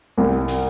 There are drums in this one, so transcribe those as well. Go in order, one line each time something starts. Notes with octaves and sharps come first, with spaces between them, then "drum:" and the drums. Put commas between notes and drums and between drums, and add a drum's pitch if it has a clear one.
C2
drum: hi-hat